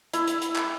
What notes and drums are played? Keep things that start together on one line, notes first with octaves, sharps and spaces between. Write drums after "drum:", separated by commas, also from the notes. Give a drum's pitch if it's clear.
E4, drum: hi-hat
drum: hi-hat
drum: hi-hat
drum: clap